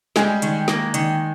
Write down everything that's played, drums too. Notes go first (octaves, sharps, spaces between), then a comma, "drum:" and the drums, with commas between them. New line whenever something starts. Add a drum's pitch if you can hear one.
G3 G#3 G#4, drum: snare
D#3, drum: hi-hat
A#3, drum: snare
D#3, drum: hi-hat